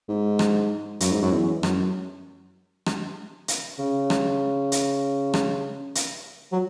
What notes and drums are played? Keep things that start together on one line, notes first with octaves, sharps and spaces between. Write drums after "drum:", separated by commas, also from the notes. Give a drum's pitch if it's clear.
G#2
drum: rim click
F#2, drum: hi-hat
G#2
F#2
E2
F#2, drum: rim click
drum: rim click
drum: hi-hat
C#3
drum: rim click
drum: hi-hat
drum: rim click
drum: hi-hat
F#3